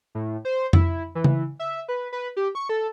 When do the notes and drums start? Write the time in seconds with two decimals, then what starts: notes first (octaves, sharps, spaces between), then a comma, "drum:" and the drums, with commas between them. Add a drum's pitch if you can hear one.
0.15 A2
0.45 C5
0.73 E4, drum: tom F2
1.15 E3
1.24 drum: tom
1.59 E5
1.88 B4
2.12 B4
2.37 G4
2.55 C#6
2.69 A4